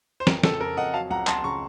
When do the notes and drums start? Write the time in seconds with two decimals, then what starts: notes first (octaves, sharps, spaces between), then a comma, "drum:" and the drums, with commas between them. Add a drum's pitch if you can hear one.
0.20 C5
0.27 F2 A#4, drum: snare
0.43 C#3 A4, drum: snare
0.60 F2 A#4
0.77 F2 D#5 F#5
0.94 F#3 F5 A5
1.10 C#2 F#5 A#5
1.27 C#2 A5 C6, drum: clap
1.44 C#3 A#5 C#6